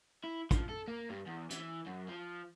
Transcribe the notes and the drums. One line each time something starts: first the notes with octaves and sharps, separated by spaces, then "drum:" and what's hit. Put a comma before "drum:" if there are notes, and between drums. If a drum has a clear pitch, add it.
E4
F3, drum: kick, hi-hat
A4
A#3
G2
E2
E3, drum: hi-hat
F#2
F3